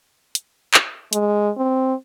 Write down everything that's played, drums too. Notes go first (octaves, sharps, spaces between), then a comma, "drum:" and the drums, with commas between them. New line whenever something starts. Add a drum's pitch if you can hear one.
drum: hi-hat
drum: clap
G#3, drum: hi-hat
C4